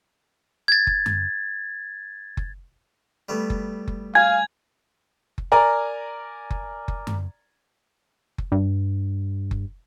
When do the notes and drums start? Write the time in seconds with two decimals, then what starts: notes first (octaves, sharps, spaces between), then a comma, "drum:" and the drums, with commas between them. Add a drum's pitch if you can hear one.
0.68 G#6 A6
0.87 drum: kick F#1
1.06 drum: tom F#2
2.37 drum: kick F#1
3.29 G3 A3 B3
3.50 drum: kick F#1
3.88 drum: kick F#1
4.15 F5 G#5 G#6
5.38 drum: kick F#1
5.52 A#4 D5 G#5 A#5
6.51 drum: kick F#1
6.88 drum: kick F#1
7.07 drum: tom F#2
8.38 drum: kick F#1
8.52 G2
9.51 drum: kick F#1